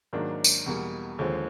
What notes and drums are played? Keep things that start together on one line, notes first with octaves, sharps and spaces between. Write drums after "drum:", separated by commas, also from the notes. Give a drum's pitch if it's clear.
G#2 D#3 F#3 A#3 D4
drum: tambourine
E2 B2 G3 A#3
D#2 D3 F3 G#3 C4